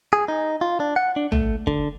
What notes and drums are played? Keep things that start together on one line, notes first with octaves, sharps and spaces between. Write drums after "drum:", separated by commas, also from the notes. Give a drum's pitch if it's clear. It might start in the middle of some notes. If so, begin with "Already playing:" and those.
G#4
D#4
F4
D4
F#5
D4
A3, drum: tom A#1
D3, drum: kick